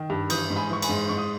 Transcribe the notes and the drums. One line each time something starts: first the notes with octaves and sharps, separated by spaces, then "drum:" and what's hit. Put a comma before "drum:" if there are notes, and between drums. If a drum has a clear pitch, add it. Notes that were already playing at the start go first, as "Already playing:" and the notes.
Already playing: D#3
G2
E3 D#6 G6, drum: cymbal
G#2
G#5 B5
E3 C#6
G#5 B5, drum: cymbal
G#2
G#2 C#6
D#6